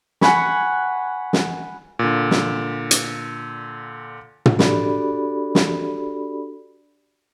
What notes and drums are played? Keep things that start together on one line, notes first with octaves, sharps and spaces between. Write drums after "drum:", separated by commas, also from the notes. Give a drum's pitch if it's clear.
F#5 G#5 B5 C#6, drum: snare
drum: snare
A#2 D3
drum: snare
drum: hi-hat
drum: tom
D4 F#4 G4 A4 D5 B5, drum: snare
drum: snare